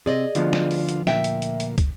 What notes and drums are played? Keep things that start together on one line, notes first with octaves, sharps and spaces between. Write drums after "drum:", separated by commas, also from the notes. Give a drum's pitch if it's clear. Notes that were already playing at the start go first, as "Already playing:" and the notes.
C3 G#4 D5 D#5
D2 D3 F3 B3 F4, drum: hi-hat
drum: snare
drum: open hi-hat
drum: hi-hat
A#2 E5 G5, drum: snare
drum: hi-hat
drum: hi-hat
drum: hi-hat
drum: kick, hi-hat